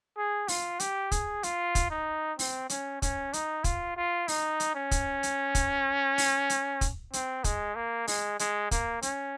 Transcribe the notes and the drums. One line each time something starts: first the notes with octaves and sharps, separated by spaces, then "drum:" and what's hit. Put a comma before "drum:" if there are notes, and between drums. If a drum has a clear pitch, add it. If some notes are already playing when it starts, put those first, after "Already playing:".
G#4
F4, drum: open hi-hat
G4, drum: hi-hat
G#4, drum: kick, hi-hat
F4, drum: hi-hat
drum: kick, hi-hat
D#4
C4, drum: open hi-hat
C#4, drum: hi-hat
C#4, drum: kick, hi-hat
D#4, drum: hi-hat
F4, drum: kick, hi-hat
F4
D#4, drum: open hi-hat
drum: hi-hat
C#4
drum: kick, hi-hat
drum: hi-hat
drum: kick, hi-hat
drum: open hi-hat
drum: hi-hat
drum: kick, hi-hat
C4, drum: hi-hat
G#3, drum: kick, hi-hat
A#3
G#3, drum: open hi-hat
G#3, drum: hi-hat
A#3, drum: kick, hi-hat
C#4, drum: hi-hat